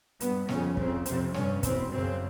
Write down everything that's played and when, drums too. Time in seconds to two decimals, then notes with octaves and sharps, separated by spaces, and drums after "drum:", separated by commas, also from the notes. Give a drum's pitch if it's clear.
0.20 G2 B3, drum: hi-hat
0.49 F2 C#3 C#4, drum: snare
0.77 F2 C#3 C4, drum: kick
1.06 F2 C3 C4, drum: hi-hat
1.34 G2 C#4, drum: snare
1.63 E2 B2 C4, drum: kick, hi-hat
1.92 F#2 C#3 C4